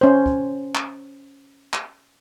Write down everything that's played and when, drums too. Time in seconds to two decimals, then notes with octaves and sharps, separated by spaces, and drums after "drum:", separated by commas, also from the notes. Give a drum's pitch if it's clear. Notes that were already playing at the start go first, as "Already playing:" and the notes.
0.01 C#4 C5
0.26 drum: kick
0.75 drum: clap
1.73 drum: clap